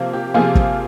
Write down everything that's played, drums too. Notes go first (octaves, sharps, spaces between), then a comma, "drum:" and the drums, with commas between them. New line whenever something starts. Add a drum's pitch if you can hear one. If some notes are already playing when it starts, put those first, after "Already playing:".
Already playing: C3 F3 A#3
G4
C3 F3 A#3 F4 G#4
drum: kick